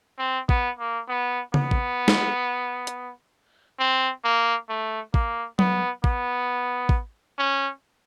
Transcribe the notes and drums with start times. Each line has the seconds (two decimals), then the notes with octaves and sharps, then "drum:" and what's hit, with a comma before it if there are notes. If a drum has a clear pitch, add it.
0.19 C4
0.49 B3, drum: kick
0.79 A#3
1.09 B3
1.54 B3, drum: tom C#3
1.71 drum: kick
2.08 drum: snare
2.87 drum: hi-hat
3.79 C4
4.24 A#3
4.69 A3
5.14 A#3, drum: kick
5.59 B3, drum: tom F#3
6.04 B3, drum: kick
6.89 drum: kick
7.39 C#4